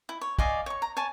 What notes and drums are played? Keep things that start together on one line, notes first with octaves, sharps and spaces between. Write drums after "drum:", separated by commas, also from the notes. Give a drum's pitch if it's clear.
E4
C#5
D5 D#5 F5 G#5, drum: kick
C#5 C#6
A#5
C#5 G#5 A5